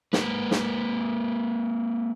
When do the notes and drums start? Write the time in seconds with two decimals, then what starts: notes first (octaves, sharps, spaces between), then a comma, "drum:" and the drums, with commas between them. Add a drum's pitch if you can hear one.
0.13 G#3 A#3 B4, drum: snare
0.51 drum: snare